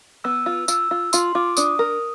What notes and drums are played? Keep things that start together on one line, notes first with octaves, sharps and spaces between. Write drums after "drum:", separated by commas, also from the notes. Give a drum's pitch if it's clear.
B3 E6
F4
F4 E6, drum: tambourine
F4
F4 C6, drum: tambourine
F4 D6
D4 D#6, drum: tambourine
A#4